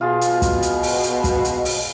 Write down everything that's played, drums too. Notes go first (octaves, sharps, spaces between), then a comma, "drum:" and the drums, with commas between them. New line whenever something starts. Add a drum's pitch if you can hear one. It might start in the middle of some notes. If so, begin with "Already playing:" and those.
B2 F4 G#4
drum: hi-hat
drum: kick, hi-hat
drum: hi-hat
drum: open hi-hat
drum: hi-hat
drum: kick, hi-hat
drum: hi-hat
drum: open hi-hat